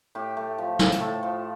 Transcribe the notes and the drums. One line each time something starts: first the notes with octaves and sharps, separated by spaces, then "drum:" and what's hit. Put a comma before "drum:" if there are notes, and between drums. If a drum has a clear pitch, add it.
A2 G4
A3
F3
A2, drum: snare
drum: hi-hat
A2 A4
F3